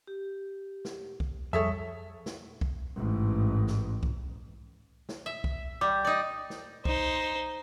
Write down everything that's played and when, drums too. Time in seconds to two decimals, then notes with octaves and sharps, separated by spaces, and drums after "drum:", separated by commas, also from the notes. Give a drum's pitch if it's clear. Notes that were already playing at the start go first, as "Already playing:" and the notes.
0.07 G4
0.85 drum: snare
1.20 drum: kick B1
1.53 F2 G3 G#4 A4 C#5 E5 C#6
2.26 drum: snare
2.61 drum: kick B1
2.95 A1 G#2
3.67 drum: snare
4.03 drum: kick B1
5.09 drum: snare
5.26 E5
5.44 drum: kick B1
5.81 G3 D6
6.05 D#4 D5
6.50 drum: snare
6.85 D#4 C5, drum: kick B1